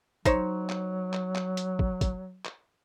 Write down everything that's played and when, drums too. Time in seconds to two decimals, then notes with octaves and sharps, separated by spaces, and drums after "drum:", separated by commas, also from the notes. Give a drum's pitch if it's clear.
0.25 F#3 D#4 C5 C#5, drum: kick, hi-hat
0.69 drum: clap
1.13 drum: clap
1.35 drum: clap
1.57 drum: hi-hat
1.79 drum: kick
2.01 drum: kick, hi-hat
2.45 drum: clap